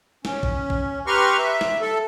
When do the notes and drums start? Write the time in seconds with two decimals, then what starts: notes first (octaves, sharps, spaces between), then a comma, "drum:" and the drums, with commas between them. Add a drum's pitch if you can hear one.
0.25 C#4, drum: snare
0.43 drum: kick
0.70 drum: kick
1.07 G4 B4 A#5 C6 C#6 F6
1.38 E5
1.61 drum: snare
1.81 A4